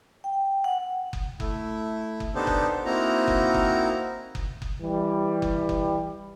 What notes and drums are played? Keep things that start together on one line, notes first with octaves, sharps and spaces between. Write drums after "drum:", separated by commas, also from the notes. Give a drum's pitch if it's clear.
G5
F#5
drum: kick F#1
A3 E4, drum: kick F#1
drum: kick F#1
B3 D4 D#4 G4 A4 C5
drum: kick F#1
A#3 C4 D#4 E4 F#4 A#5
drum: kick F#1
drum: kick F#1
drum: kick F#1
drum: kick F#1
E3 G3
drum: kick F#1
drum: kick F#1